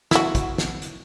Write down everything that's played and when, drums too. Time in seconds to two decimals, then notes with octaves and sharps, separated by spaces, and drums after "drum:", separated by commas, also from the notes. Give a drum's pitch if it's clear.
0.11 E4 F#4, drum: snare
0.35 drum: kick, hi-hat
0.58 drum: snare
0.82 drum: hi-hat